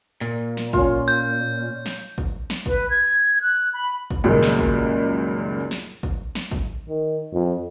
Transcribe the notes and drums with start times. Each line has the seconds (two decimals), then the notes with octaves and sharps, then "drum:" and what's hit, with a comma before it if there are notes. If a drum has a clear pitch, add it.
0.21 A#2
0.57 drum: snare
0.73 C#4 F4, drum: kick
1.08 G6
1.86 drum: snare
2.18 drum: kick
2.50 drum: snare
2.66 B4, drum: kick
2.90 G#6
3.41 F#6
3.73 B5
4.11 drum: kick
4.24 C#2 F#2 A#2 D#3 G3 G#3
4.43 drum: snare
4.59 drum: kick
5.71 drum: snare
6.03 drum: kick
6.35 drum: snare
6.51 drum: kick
6.88 D#3
7.33 F2